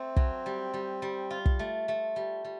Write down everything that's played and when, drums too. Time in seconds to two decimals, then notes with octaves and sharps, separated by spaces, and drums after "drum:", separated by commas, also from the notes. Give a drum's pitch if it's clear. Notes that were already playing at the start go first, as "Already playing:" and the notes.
Already playing: A3 C4
0.16 F#3, drum: kick
0.46 G3
0.74 G3
1.02 G3
1.30 F4
1.46 drum: kick
1.59 A3
1.88 A3
2.16 G3
2.45 G3